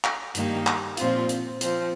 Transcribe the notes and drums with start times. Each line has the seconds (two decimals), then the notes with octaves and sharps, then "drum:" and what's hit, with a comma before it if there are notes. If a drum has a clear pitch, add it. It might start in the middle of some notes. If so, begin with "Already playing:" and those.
0.04 drum: clap
0.35 G2 D#3 A#3 D#4 G4, drum: hi-hat
0.67 drum: clap
0.97 A#2 F3 C4 F4, drum: hi-hat
1.29 drum: hi-hat
1.61 F3 C4, drum: hi-hat